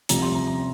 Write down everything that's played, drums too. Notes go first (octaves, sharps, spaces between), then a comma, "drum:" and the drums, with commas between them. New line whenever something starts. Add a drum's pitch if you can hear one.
C2 C3 F3 A#5, drum: hi-hat
C6
A#5
A#5